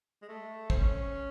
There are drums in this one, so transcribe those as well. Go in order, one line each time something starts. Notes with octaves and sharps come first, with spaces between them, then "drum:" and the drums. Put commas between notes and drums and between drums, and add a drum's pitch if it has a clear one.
G#3
A3
C4, drum: kick
C#4